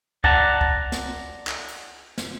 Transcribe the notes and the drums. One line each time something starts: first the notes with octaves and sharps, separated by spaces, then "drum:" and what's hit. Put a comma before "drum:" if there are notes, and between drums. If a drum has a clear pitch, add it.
D5 F#5 A5 A#5, drum: kick C#2
drum: kick C#2
drum: snare
drum: clap
drum: cymbal
drum: snare